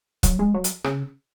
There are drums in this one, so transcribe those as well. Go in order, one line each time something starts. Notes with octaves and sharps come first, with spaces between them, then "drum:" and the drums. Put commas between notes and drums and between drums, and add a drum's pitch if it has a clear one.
F#3, drum: kick, hi-hat
G#3
F#3
drum: hi-hat
C#3, drum: rim click